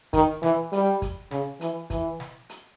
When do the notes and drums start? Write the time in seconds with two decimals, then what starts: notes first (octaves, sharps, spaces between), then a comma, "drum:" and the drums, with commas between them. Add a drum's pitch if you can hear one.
0.13 D#3, drum: kick, hi-hat
0.43 E3, drum: snare
0.73 G3, drum: hi-hat
1.02 drum: kick, hi-hat
1.31 C#3, drum: snare
1.61 E3, drum: hi-hat
1.90 E3, drum: kick, hi-hat
2.20 drum: snare
2.49 drum: hi-hat